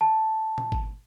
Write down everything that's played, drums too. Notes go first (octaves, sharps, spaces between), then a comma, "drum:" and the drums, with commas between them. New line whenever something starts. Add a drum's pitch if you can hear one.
A5
drum: tom A#2
drum: kick G#1